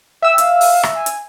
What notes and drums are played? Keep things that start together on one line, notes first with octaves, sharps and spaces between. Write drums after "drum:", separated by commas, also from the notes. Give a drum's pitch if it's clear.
E5 G5 E6
F5, drum: hi-hat
drum: open hi-hat
drum: rim click
G#5
drum: hi-hat